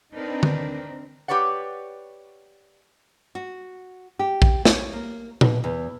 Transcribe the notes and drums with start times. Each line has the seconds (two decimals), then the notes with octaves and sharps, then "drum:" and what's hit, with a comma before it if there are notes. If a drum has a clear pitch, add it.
0.15 C4 D4 D#4 A#4 B4
0.43 drum: tom D3
1.28 G4 B4 C#5 D5 F#5
3.35 F#4
4.19 G4
4.42 drum: kick A#1
4.65 C#5, drum: snare
4.93 A#3
5.41 B2, drum: tom A#2
5.64 E2